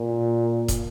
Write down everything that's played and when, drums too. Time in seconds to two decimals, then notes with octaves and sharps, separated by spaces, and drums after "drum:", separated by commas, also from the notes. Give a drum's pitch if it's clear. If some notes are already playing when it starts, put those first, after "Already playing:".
Already playing: A#2
0.68 drum: kick, hi-hat